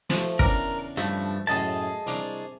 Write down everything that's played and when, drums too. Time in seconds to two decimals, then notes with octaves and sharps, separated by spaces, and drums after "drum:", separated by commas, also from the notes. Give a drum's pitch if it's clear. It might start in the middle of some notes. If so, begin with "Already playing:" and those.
0.10 F3 A3, drum: snare
0.39 E2 C#3 D4 A#4, drum: kick
0.97 G2 F3 A3
1.47 F#2 A2 G#4 D#5 A5
2.07 C2 D4 A#5, drum: hi-hat